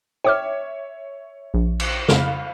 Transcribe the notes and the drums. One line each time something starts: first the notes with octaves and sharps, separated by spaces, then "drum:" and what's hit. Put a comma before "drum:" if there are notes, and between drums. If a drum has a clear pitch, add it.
C#5 E5 G5 D6 F6
A#1
drum: cymbal
F2 C#3 F5 B5 F6, drum: snare